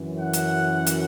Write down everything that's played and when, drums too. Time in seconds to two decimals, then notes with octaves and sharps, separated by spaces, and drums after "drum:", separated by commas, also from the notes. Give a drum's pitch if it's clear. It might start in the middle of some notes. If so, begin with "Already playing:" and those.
Already playing: F#2 E3
0.20 F#5
0.33 drum: hi-hat
0.87 drum: hi-hat